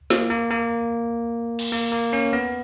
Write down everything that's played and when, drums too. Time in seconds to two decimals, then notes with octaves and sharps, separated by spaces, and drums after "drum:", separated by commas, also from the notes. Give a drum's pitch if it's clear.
0.10 A#3, drum: snare
0.30 A#3
0.51 A#3
1.59 drum: cymbal
1.72 A#3
1.92 A#3
2.13 C#4
2.33 B3